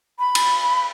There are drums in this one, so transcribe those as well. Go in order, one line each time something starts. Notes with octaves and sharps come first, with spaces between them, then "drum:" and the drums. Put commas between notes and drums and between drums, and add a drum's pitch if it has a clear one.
B5
drum: cymbal